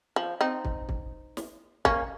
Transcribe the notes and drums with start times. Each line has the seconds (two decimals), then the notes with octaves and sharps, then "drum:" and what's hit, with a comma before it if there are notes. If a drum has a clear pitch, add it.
0.16 F3
0.41 C4 D#4
0.65 drum: kick
0.89 drum: kick
1.37 drum: snare
1.85 A#3 C#4, drum: kick